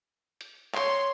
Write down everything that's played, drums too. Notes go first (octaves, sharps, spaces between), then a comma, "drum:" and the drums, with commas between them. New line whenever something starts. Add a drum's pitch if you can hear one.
drum: hi-hat
C#5 C6, drum: clap